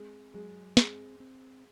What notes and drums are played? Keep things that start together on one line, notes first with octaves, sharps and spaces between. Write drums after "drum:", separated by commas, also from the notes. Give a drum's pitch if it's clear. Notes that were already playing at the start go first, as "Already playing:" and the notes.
Already playing: G#3 C4
F#3 G#3
G#3 C4, drum: snare
C4